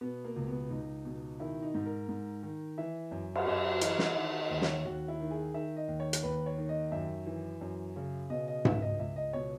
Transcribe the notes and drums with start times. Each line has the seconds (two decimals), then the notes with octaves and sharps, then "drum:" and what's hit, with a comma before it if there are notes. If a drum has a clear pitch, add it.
0.01 B2 B3
0.25 A#3
0.36 C#2
0.47 B3
0.70 C#2 D#4
1.05 B2
1.39 D#3 E4
1.62 D#4
1.74 G#2
1.86 A#4
2.09 G#2
2.43 D#3
2.78 E3 E5
3.11 F#2
3.35 drum: cymbal
3.46 F#2 D#5
3.64 E5
3.81 E3 D#5, drum: hi-hat
3.99 D#5, drum: snare
4.16 D#3 E5
4.39 D#5
4.50 D#2
4.62 C#5, drum: snare
4.85 D#2 F#4
5.08 E4
5.20 D#3
5.31 G#4
5.54 D#3 E5
5.76 D#5
5.88 D#2
6.00 C#5
6.13 drum: hi-hat
6.23 D#2 B4
6.46 C#5
6.57 D#3
6.69 D#5
6.92 F#2 E5
7.26 E3
7.61 F#2
7.96 C#3
8.30 B2 D#5
8.48 D#5
8.65 C#2 E5, drum: tom G#2
8.82 D#5
8.99 C#2 E5
9.16 D#5
9.33 B2 C#5